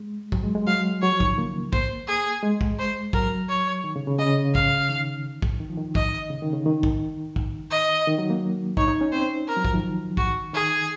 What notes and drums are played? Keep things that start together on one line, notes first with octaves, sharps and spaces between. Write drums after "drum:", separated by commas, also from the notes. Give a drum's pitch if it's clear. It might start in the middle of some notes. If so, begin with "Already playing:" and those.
Already playing: G#3
F#3, drum: kick
G#3
G#3
F#3 F5
F#3 C#5
F3
D#3, drum: kick
C#3
A#3
C5, drum: kick
G#4
G#3
drum: kick
C5
F#3 A#4, drum: kick
C#5
D#3
C#3
C#3
C#3 D#5
F5, drum: kick
D#3
drum: kick
D#3
F3
D#3
D#5, drum: kick
C#3
D#3
C#3
D#3
drum: kick
drum: kick
D#5
D#3
F#3
A#3
D#4 C#5, drum: kick
D#4
C#4
C4 C5
A#4
F#3
F3, drum: kick
D#3
F#4, drum: kick
D#3 G#4